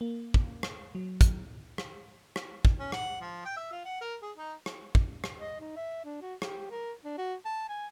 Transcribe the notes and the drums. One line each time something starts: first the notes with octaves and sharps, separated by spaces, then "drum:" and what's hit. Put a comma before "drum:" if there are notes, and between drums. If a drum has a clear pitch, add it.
A#3
drum: kick
drum: rim click
F#3
drum: kick, hi-hat
drum: rim click
drum: rim click
drum: kick
C#4
F#5, drum: rim click
F3
G5
E5
F4
F#5
A#4
G#4
D#4
drum: rim click
drum: kick
drum: rim click
D#5
D#4
E5
D4
F#4
G4, drum: rim click
A#4
D4
F#4
A5
G#5